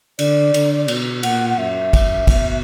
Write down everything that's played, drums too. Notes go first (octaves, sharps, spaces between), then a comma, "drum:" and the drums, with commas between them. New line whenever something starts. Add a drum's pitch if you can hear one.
D3 D5, drum: cymbal
D3, drum: cymbal
B2, drum: cymbal
A#2 F#5, drum: cymbal
F#5
F#2 E5
F#2, drum: kick, cymbal
B2, drum: kick, cymbal